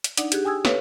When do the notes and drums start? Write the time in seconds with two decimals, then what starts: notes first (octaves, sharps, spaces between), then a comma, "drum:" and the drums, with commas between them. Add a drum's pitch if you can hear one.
0.04 drum: hi-hat
0.17 D4 D#4 D5 F#5, drum: hi-hat
0.32 G4 G#4 F#6, drum: hi-hat
0.44 G5 G#5 D#6 E6 G#6
0.65 A4 B4 C#5 E5 F5, drum: snare